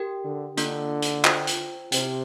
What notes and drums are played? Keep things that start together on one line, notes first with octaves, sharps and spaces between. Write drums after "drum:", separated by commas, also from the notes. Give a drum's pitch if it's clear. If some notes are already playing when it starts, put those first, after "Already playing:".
Already playing: G4 A#4 G5
D3
D3 A#3 D4 F4, drum: hi-hat
drum: hi-hat
F4 C5 G5, drum: clap
drum: hi-hat
C3 G4 C5 G5, drum: hi-hat